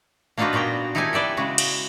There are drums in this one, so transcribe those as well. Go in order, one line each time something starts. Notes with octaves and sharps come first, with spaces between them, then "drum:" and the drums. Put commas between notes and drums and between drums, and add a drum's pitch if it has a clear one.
A#3 D4 D#4 F4 F#4 B4
A#2 B3 F#4 G5 A#5
D#4 E4 G4 A4 B4 G#5
B4 D5 E5 G5
C#3 G#3 F#4
drum: cymbal